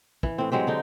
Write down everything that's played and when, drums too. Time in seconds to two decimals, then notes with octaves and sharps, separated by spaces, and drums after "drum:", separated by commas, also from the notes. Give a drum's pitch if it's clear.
0.23 E3, drum: kick
0.38 A2 C4
0.52 F#3 G#3 C4 G4
0.67 D3 D#4 G5